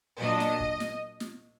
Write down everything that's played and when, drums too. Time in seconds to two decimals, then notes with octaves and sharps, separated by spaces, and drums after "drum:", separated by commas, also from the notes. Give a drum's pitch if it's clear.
0.20 A#2 F#3 D4 D#5
0.40 drum: snare
0.60 drum: kick
0.80 drum: snare
1.20 drum: snare